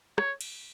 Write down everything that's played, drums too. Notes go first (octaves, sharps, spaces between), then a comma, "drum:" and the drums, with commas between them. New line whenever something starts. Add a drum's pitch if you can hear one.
C#5, drum: rim click
drum: cymbal